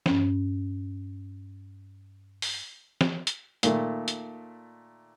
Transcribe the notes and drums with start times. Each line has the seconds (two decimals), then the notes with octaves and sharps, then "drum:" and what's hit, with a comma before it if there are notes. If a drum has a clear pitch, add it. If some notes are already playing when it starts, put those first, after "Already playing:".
0.06 G2 C#4, drum: snare
2.42 drum: open hi-hat
3.01 drum: snare
3.27 drum: hi-hat
3.63 A#2 D#3 A3, drum: hi-hat
4.08 drum: hi-hat